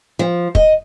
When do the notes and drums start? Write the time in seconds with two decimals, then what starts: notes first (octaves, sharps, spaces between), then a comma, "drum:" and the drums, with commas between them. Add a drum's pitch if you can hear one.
0.19 F3
0.55 D#5, drum: kick